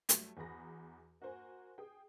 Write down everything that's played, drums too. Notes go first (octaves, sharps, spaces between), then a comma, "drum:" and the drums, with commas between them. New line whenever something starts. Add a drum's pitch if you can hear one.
F#3 G3 A3, drum: hi-hat
E2 F#4 G#4 A#5 B5 A#6
A#3 F#4 A#4 C5 G#5
G#4 G5